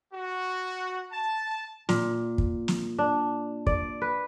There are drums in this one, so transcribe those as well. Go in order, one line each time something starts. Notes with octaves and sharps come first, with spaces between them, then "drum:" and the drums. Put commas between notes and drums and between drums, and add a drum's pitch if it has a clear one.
F#4
A5
A#2, drum: snare
drum: kick
drum: snare
D4
D5, drum: kick
B4